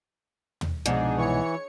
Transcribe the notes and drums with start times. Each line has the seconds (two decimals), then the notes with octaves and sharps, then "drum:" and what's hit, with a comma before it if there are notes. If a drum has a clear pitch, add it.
0.61 drum: tom
0.86 C2 G#2 B2 F3 D4 D#4 G#4
1.18 E3 C#5 C#7